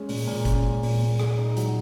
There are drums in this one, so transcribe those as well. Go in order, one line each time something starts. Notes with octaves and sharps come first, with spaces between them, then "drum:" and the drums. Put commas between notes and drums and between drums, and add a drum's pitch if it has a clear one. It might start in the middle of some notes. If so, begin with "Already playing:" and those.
Already playing: G#3 C#4
A#2, drum: open hi-hat
A#2
C#4, drum: kick G1, hi-hat
G#3
A#2, drum: open hi-hat
A#2
G#4, drum: rim click
D#4
F#3, drum: hi-hat